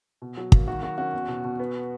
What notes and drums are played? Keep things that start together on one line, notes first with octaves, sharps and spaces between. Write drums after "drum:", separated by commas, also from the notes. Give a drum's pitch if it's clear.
B2
F#3
A#3, drum: kick
D#3 F#4
F#3 F#4
C#4 F#4
E2
B2
B2
B3